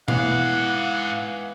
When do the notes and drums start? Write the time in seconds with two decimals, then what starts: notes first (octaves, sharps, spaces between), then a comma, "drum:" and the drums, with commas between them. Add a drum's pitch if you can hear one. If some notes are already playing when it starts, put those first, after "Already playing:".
0.08 G#2 E3 B3 F5 F#5, drum: tom B2